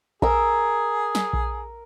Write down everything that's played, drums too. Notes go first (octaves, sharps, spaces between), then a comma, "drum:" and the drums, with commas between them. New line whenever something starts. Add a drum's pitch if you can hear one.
G#4 A#4 E6, drum: kick A#1
drum: snare
drum: kick A#1